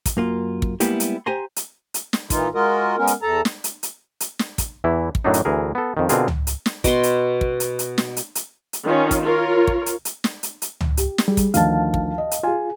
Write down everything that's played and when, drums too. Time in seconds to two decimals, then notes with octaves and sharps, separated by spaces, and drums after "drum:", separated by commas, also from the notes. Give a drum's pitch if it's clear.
0.06 drum: kick, hi-hat
0.17 F#2 A#3 F4
0.62 drum: kick
0.80 G3 G#3 A#3 B3 E4 G4, drum: hi-hat
1.00 drum: hi-hat
1.26 G4 C5 G#5 A#5 C6
1.56 drum: hi-hat
1.94 drum: hi-hat
2.13 drum: snare
2.30 A#2 E3 D#4 F4, drum: kick, hi-hat
2.54 G#3 F4 F#4 A#4 D#5
2.97 G#3 B3 C#4 A#4
3.07 drum: hi-hat
3.22 E2 A4 A5 A#5
3.45 drum: snare
3.64 drum: hi-hat
3.83 drum: hi-hat
4.20 drum: hi-hat
4.39 drum: snare
4.58 drum: kick, hi-hat
4.84 E2 E3 E4
5.15 drum: kick
5.24 F#2 A2 F#3 D4 D#4
5.34 drum: hi-hat
5.45 D2 E3 G#4 A#4
5.75 B3 A4
5.97 F2 D#3
6.09 B2 D3 C4 F4 G#4 A#4, drum: hi-hat
6.28 drum: tom C#2
6.47 drum: hi-hat
6.66 drum: snare
6.84 B2 C6, drum: kick, hi-hat
7.03 drum: hi-hat
7.41 drum: kick
7.60 drum: hi-hat
7.79 drum: hi-hat
7.98 drum: snare
8.17 drum: hi-hat
8.35 drum: hi-hat
8.73 drum: hi-hat
8.85 D#3 C#4 F4
9.11 drum: kick, hi-hat
9.22 F4 A#4 C#5
9.67 drum: kick
9.86 drum: hi-hat
10.05 drum: hi-hat
10.24 drum: snare
10.43 drum: hi-hat
10.62 drum: hi-hat
10.81 drum: tom C#2
10.97 G4, drum: hi-hat
11.18 drum: snare
11.28 G3 G#4
11.37 drum: kick, hi-hat
11.54 D2 D#3 F3 F5 A5, drum: hi-hat
11.94 drum: kick
12.18 D#5
12.31 drum: hi-hat
12.43 F4 G#4 G#5